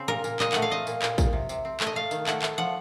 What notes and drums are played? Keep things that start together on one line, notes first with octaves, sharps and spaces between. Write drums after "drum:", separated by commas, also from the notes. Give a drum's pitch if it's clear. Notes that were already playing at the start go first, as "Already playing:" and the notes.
Already playing: C#3 C4
A#2 A#4
A#2, drum: tambourine
A#2 D#5, drum: clap
A3 F#5, drum: clap
F5
C4 D#5
A#2, drum: tambourine
A#2, drum: clap
A#2, drum: kick, tambourine
C3
C3, drum: tambourine
C4
A3, drum: clap
D#5
A3 F5
D#3, drum: tambourine
A3 F#5, drum: clap
A3, drum: clap
F3 F#5